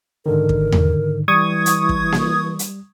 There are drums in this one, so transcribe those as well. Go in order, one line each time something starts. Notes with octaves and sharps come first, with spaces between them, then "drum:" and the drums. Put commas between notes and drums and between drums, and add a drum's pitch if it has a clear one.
G#2 D3 D#3 A#4
drum: kick
drum: tom E2
E3 G3 C#6 D#6 G#6
drum: hi-hat
drum: kick
drum: snare A#3
drum: hi-hat